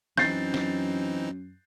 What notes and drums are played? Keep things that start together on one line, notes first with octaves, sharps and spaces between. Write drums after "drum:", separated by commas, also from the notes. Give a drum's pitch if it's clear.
F#2 E3 C4 D#4 G6 A6 C7, drum: snare
drum: snare